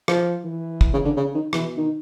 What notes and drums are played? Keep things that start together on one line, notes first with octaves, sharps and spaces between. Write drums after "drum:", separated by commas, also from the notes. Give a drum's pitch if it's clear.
F3, drum: rim click
E3
drum: kick
C#3
D3
C#3
D#3
B2 E3, drum: rim click
D#3